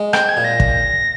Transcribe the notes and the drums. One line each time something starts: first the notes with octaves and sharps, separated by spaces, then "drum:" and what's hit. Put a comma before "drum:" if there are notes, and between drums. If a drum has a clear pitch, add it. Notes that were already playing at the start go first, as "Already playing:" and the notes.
Already playing: G#3
C4 G6, drum: rim click
G#6
A#2
A#6
drum: kick